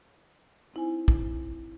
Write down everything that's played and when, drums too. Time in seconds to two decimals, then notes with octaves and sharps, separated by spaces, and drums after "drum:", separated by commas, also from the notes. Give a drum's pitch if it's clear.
0.74 C4 D#4 E4 C5 G#5
1.08 drum: kick